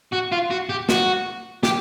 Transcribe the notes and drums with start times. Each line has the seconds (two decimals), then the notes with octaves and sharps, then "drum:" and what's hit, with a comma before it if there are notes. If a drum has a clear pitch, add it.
0.13 F#4
0.32 F4
0.51 F#4
0.69 G4
0.89 F#4, drum: snare
1.63 G4, drum: snare